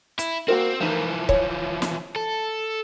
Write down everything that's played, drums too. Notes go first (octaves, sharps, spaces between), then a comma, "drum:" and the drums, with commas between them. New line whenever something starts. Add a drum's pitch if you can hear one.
E4, drum: hi-hat
A#3 C4 F#4 A#4
E3 F3 A3 D#4 A#4
C#5, drum: kick
drum: snare
A4